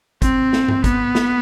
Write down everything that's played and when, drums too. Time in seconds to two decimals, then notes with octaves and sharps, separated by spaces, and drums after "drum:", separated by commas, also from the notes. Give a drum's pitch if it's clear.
0.22 C4, drum: kick, hi-hat
0.53 drum: snare
0.68 drum: tom G2
0.84 B3, drum: kick, hi-hat
1.15 drum: snare